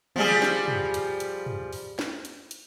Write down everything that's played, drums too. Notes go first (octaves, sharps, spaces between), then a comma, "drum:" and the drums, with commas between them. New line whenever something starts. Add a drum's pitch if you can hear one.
F3 G3 G#4, drum: tom
drum: snare
drum: tom
drum: hi-hat
drum: hi-hat
drum: tom
drum: open hi-hat
drum: snare
drum: hi-hat
drum: hi-hat